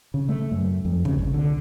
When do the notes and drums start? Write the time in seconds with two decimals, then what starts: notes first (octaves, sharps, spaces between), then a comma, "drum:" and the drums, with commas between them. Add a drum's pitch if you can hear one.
0.14 C#3
0.29 A3
0.51 F#2
0.85 F2
1.05 C#3, drum: kick
1.19 C2
1.34 D3